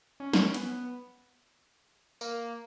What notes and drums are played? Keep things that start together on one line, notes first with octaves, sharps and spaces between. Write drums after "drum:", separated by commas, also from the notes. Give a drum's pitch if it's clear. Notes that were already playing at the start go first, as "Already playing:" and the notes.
C#4
drum: snare
B3, drum: hi-hat
A#3, drum: tambourine